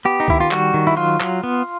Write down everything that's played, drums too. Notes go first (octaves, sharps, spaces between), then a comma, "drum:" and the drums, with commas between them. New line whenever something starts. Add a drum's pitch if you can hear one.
B3 G4
D#4
D#3 E4, drum: kick C#2
F4
G3 F#4, drum: clap
D#3
E4
F#3 F4
F#3, drum: clap
B3